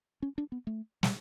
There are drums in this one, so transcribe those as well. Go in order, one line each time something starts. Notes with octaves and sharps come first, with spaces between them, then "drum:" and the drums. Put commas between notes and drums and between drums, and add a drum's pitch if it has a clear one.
C#4
D4
B3
A3
G3, drum: snare